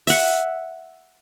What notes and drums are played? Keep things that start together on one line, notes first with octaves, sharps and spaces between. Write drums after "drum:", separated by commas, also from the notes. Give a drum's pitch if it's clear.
E5 F#5, drum: open hi-hat